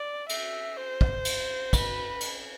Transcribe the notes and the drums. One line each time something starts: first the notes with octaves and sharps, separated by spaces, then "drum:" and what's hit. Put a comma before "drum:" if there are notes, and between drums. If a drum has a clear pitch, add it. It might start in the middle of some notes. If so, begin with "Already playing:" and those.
Already playing: D5
E5, drum: cymbal
C5
drum: kick
drum: cymbal
B4, drum: kick, cymbal
drum: cymbal